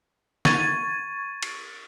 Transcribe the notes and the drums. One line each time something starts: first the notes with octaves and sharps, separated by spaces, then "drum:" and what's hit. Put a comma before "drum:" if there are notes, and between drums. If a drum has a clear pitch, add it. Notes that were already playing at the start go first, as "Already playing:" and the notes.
C#6 G#6 A6 D#7, drum: snare
drum: cymbal